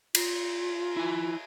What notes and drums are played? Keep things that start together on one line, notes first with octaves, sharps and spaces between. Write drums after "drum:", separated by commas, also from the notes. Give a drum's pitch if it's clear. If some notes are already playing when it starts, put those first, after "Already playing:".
F4, drum: cymbal
E4 G#5